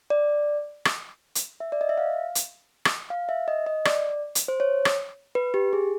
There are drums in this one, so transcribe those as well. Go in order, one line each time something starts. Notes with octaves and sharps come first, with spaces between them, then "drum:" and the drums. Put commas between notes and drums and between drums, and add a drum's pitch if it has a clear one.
D5
drum: rim click
drum: hi-hat
E5
D5
D#5
E5
F5
drum: hi-hat
drum: rim click
F5
E5
D#5
D#5
D5, drum: rim click
drum: hi-hat
C5
C#5
drum: rim click
B4
G4
G#4